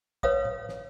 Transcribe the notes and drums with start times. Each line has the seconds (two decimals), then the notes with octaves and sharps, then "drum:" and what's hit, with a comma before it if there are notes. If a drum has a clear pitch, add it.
0.23 B4 C#5 F5 D#6, drum: kick
0.45 drum: tom A2
0.69 drum: snare